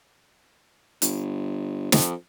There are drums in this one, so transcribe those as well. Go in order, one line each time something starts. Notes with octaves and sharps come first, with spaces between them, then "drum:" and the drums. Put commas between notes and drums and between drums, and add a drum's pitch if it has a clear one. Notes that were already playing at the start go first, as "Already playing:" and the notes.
G1, drum: hi-hat
F2, drum: snare